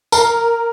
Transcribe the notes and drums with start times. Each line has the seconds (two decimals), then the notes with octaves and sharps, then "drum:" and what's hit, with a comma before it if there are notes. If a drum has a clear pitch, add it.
0.12 A#4, drum: tambourine